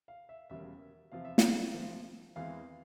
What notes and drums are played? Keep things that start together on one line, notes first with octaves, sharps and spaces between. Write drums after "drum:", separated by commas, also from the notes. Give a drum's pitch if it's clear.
F5
E5
E1 E2 C#3 G3 A#3 E5
E2 C3 F3 F5
E5
F5, drum: snare
E2 C3 F3
E2 E3 G#3 C4 F5